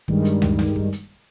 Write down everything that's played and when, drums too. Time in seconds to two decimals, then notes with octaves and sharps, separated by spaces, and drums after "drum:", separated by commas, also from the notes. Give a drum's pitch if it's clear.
0.08 G2 D#3 G3 G#3, drum: kick
0.25 drum: hi-hat
0.42 drum: tom D2
0.59 drum: snare
0.76 drum: kick
0.93 drum: hi-hat